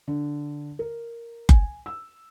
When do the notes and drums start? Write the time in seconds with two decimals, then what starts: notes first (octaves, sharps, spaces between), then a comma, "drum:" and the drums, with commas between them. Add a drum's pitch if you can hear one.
0.08 D3
0.79 A#4
1.49 G#5, drum: kick F#1
1.86 E6